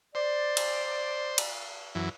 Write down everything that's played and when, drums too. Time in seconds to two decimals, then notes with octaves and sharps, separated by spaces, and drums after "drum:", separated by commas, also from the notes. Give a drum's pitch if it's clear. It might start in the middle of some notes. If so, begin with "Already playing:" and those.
0.15 C5 D5
0.57 drum: cymbal
1.38 drum: cymbal
1.95 F#2 E3